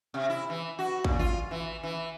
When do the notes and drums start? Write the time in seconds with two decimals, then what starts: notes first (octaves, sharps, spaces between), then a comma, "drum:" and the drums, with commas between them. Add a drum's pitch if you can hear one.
0.14 C3
0.30 E4
0.50 E3
0.79 F#4
1.04 A#2, drum: kick
1.19 F4
1.51 E3
1.83 E3